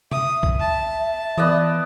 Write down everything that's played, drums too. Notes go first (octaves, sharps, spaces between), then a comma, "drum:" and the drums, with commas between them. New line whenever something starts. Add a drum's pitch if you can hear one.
E5 D#6, drum: tom
drum: kick B1
A5
E3 B3 D5 D#5